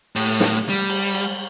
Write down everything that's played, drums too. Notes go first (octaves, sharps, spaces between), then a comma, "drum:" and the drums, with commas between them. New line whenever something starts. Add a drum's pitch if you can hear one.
A2, drum: cymbal
drum: snare
G3
drum: cymbal
drum: cymbal